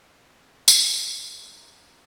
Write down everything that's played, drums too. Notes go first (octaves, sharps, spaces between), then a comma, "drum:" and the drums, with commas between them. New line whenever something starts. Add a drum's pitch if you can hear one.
B3 C4 F4 C#5 D#5 G5
drum: tambourine
E5
F#2 A#5 D#6